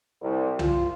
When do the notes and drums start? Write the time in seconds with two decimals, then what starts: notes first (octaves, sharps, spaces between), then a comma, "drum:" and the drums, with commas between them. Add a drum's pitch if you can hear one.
0.21 C2
0.59 F4, drum: tom C2